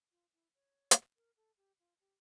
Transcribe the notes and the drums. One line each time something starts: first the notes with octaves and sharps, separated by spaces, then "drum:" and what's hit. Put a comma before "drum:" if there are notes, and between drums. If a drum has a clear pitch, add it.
F4
E4
C#5
drum: hi-hat
A#4
A4
G4
F4
G4